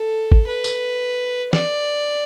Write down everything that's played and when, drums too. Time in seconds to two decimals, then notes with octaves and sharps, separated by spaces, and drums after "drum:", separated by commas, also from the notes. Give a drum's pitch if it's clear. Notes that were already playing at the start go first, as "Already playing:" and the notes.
Already playing: A4
0.32 drum: kick
0.47 B4
0.64 drum: tambourine
1.53 D5, drum: snare